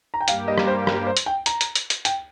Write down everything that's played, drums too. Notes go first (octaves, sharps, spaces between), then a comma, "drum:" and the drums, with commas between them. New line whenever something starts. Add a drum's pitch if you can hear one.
A#5
G5
G2 G3 A#3 G4 F5, drum: hi-hat
D#5
drum: rim click
C5
A#4, drum: rim click
C5
drum: hi-hat
G5
A#5, drum: hi-hat
drum: hi-hat
drum: hi-hat
drum: hi-hat
G5, drum: hi-hat